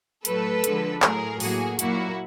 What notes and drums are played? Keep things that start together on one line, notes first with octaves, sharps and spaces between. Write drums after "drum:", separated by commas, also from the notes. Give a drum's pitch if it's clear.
A2 F#3 A3 A4 B4, drum: hi-hat
D3 F3 G#3, drum: hi-hat
A2 F#3 A3 G#4 A#4, drum: clap
A2 F#3 A#3 F#4 G#4, drum: open hi-hat
A#2 F#3 A#3 E4 F#4, drum: hi-hat